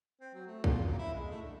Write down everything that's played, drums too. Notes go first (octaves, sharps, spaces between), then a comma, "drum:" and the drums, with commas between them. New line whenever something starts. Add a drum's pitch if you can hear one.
C4
F#3
A3
F4, drum: kick
A#3
E4
G#3
A3
D3